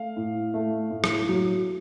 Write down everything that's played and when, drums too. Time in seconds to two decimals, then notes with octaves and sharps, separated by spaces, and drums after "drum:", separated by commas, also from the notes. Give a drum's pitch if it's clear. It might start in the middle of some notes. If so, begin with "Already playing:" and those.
Already playing: A3 F5
0.16 A2
0.54 A3
0.91 A2
1.04 drum: rim click
1.29 F#3